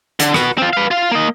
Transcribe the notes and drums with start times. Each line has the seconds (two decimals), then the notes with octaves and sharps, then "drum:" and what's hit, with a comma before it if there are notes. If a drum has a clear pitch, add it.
0.20 D3, drum: hi-hat
0.34 F#4 B4, drum: rim click
0.58 C4 F4
0.73 B4 F5
0.91 F4 F5
1.11 A#3 D#5